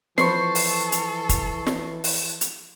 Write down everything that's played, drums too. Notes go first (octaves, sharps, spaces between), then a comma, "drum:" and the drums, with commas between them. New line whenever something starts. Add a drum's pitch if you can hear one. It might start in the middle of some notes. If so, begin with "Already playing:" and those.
E3 F3 A4 B4 C5 C#6 C7, drum: snare
drum: open hi-hat
drum: hi-hat
drum: kick, hi-hat
drum: snare
drum: open hi-hat
drum: hi-hat